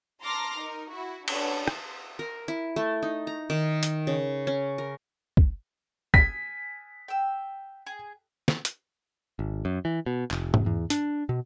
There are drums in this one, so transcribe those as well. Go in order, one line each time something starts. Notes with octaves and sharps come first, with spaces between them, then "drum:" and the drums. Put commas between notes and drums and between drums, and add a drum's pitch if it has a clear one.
A5 A#5 C6 D6 F6 A#6
D#4 A#4
E4 F#4
C#4 D4 F#4 A4 B4 C#5, drum: cymbal
drum: rim click
A#4
E4
A3
D#4
A#5
D#3
drum: hi-hat
C#3
C#4
A#4
drum: kick
G#5 B6, drum: kick
G5 E6
G#4
drum: snare
drum: hi-hat
G#1
F#2
E3
B2
F1, drum: clap
drum: tom G#2
E2
D4, drum: hi-hat
B2